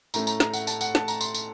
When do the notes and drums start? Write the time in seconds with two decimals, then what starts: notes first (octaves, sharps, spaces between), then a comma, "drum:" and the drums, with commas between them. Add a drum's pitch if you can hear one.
0.14 A2 A3 C#4 A#5, drum: tambourine
0.27 A#5, drum: tambourine
0.40 A#5, drum: snare
0.53 F#5, drum: tambourine
0.67 A5, drum: tambourine
0.81 F#5, drum: tambourine
0.95 A5, drum: snare
1.08 A#5, drum: tambourine
1.21 C6, drum: tambourine
1.35 drum: tambourine